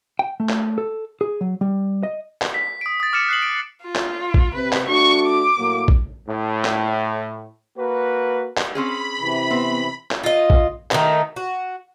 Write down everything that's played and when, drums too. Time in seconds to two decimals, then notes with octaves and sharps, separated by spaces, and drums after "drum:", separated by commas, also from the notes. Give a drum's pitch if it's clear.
0.19 G5
0.40 A3
0.49 drum: clap
0.78 A4
1.21 G#4
1.41 F#3
1.61 G3
2.03 D#5
2.42 drum: clap
2.54 B6
2.81 D#6 D7
3.00 D#6 A6
3.13 D6 F6 A6 C#7 E7
3.28 F#6 C7 F#7
3.42 D7
3.84 F4
3.96 drum: clap
4.34 drum: kick
4.55 C3 B4
4.73 drum: clap
4.88 A3 D4 F#4 C#6
5.26 D6
5.58 A2 F#3 A#3
5.88 drum: kick
6.28 A2
6.65 drum: clap
7.77 A#3 F#4 B4
8.57 drum: clap
8.75 C4 C#4 G#4 B5
9.20 C3 E3
9.51 B3 C4
10.11 drum: clap
10.23 F4 D#5
10.50 drum: kick
10.91 D#3 A3 D#4, drum: clap
11.36 F#4